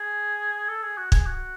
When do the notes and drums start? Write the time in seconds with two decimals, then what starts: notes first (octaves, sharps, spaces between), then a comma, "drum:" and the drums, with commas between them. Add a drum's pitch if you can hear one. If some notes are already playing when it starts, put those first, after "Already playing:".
Already playing: G#4
0.68 A4
0.83 G#4
0.97 F#4
1.12 G#4, drum: kick
1.26 F#4